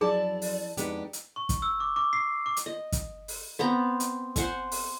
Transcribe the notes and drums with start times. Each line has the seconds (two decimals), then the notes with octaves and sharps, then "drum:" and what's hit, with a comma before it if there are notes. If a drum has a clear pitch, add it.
0.01 F#2 F3 E4 G#4 D5 A5
0.42 drum: open hi-hat
0.77 F2 G#3 B3 D4 D#4 G4, drum: hi-hat
1.13 drum: hi-hat
1.36 C#6
1.49 drum: kick, hi-hat
1.62 E6
1.80 D6
1.96 D6
2.13 C7
2.46 D6
2.57 drum: hi-hat
2.66 D#5
2.92 drum: kick, hi-hat
3.28 drum: open hi-hat
3.59 B3 C4 A#5
4.00 drum: hi-hat
4.36 C5 F#5 G#5, drum: kick, hi-hat
4.72 drum: open hi-hat